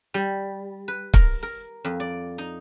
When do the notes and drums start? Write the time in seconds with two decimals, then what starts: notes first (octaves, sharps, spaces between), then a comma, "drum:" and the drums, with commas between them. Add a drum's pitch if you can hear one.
0.14 G3
0.88 B4
1.14 A#4, drum: kick
1.43 A#4
1.85 F2
2.00 D5
2.38 D#4